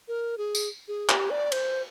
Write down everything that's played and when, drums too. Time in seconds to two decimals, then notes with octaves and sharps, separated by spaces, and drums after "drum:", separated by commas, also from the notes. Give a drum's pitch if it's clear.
0.08 A#4
0.38 G#4
0.55 drum: tambourine
0.88 G#4
1.09 G4, drum: clap
1.30 D5
1.52 C5, drum: cymbal